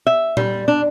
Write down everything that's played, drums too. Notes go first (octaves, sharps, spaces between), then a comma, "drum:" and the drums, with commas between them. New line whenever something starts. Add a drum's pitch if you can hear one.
E5
G3, drum: tom A#2
D4